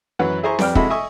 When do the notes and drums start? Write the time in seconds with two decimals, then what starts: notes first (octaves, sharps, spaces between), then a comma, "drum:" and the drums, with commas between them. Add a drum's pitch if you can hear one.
0.19 F#2 E3 F#3 B4 F#5 B5
0.43 E4 G#4 C5 G#5 A#5 C#6
0.59 F2 G3 B4 D5 G5 F6, drum: snare C4
0.75 C3 G#3 E4 F#4 A4 B5, drum: kick
0.90 D#5 E5 G#5 C#6 D#6